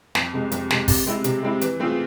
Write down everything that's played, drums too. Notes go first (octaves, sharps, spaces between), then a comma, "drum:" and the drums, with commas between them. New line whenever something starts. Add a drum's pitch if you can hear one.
F2, drum: snare
C3 G#3
F2, drum: hi-hat
C3 G#3, drum: snare
C3, drum: kick, open hi-hat
G#3 C4 E4
C3, drum: hi-hat
G#3 C4 E4
E3, drum: hi-hat
A3 C4 F4 G#4